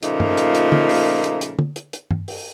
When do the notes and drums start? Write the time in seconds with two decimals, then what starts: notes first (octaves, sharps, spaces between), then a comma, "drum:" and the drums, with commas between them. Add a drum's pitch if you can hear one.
0.03 A#2 C#3 F3 A3 A#3 D#4, drum: hi-hat
0.20 drum: tom G2
0.37 drum: hi-hat
0.55 drum: hi-hat
0.72 drum: tom
0.89 drum: open hi-hat
1.24 drum: hi-hat
1.41 drum: hi-hat
1.59 drum: tom
1.76 drum: hi-hat
1.93 drum: hi-hat
2.11 drum: tom G2
2.28 drum: open hi-hat